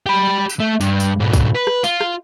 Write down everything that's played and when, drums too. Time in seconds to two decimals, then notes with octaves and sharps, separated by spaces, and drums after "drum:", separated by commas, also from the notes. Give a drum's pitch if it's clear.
0.06 G4 B5
0.49 drum: tambourine
0.60 A3
0.81 G2, drum: tambourine
1.00 drum: tambourine
1.20 G#2 B2
1.33 drum: kick C2, tambourine
1.55 B4
1.67 drum: rim click
1.84 F4, drum: tambourine
2.01 drum: rim click